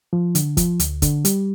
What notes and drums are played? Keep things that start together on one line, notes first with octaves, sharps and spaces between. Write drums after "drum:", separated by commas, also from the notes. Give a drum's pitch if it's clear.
F3
D3, drum: hi-hat
F3, drum: kick, hi-hat
D2, drum: hi-hat
D3, drum: kick, hi-hat
G3, drum: hi-hat